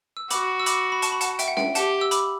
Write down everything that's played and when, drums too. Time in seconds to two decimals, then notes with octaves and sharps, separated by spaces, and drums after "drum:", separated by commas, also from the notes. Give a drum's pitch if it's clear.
0.17 E6
0.30 F#4 B5 D6, drum: hi-hat
0.60 E6
0.66 B5 D6, drum: hi-hat
0.92 B5
1.02 A5 C#6, drum: hi-hat
1.12 B5
1.21 F#5 A5, drum: hi-hat
1.39 E5 G5, drum: hi-hat
1.48 F#5
1.57 E5 G5, drum: snare C#4
1.75 G4 F#5 A5, drum: hi-hat
2.01 E6
2.11 B5 D6, drum: hi-hat